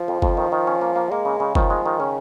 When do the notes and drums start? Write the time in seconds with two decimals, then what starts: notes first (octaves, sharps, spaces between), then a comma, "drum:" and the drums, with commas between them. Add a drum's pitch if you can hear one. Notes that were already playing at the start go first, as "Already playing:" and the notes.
Already playing: F3
0.08 F2
0.22 F2, drum: kick F#1
0.37 D#3
0.52 D#3
0.67 C#4
0.81 A#3
0.96 A#3
1.11 G#3 A#3
1.25 C#3
1.40 C#3
1.55 D#3 F3, drum: kick F#1
1.70 G#3
1.85 D#3
2.00 C#3 C#4